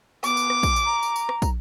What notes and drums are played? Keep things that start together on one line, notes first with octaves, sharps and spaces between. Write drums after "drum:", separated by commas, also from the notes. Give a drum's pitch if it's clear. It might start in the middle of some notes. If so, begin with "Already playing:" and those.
B3 D6, drum: tambourine
drum: tambourine
drum: rim click
drum: kick, tambourine
drum: tambourine
A#5
drum: tambourine
drum: tambourine
drum: rim click
drum: kick, tambourine